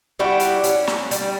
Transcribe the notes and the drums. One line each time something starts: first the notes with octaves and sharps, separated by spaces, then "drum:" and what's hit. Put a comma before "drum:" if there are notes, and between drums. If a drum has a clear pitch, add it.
G3 E4 F#4 G4
drum: hi-hat
C#4, drum: hi-hat
drum: snare
G3, drum: hi-hat